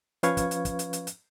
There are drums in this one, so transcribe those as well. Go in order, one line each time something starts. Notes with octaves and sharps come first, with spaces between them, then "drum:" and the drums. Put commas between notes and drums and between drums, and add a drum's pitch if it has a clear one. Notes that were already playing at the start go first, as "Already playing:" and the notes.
F3 C#4 B4 F5 C#6 G#6, drum: hi-hat
drum: kick, hi-hat
drum: hi-hat
drum: kick, hi-hat
drum: hi-hat
drum: hi-hat
drum: hi-hat